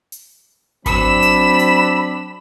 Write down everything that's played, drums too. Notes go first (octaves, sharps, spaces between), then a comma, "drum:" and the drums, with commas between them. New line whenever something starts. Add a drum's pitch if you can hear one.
drum: hi-hat
F#3 C4 D4 B5 E6 E7, drum: kick G#1, hi-hat
drum: hi-hat
drum: hi-hat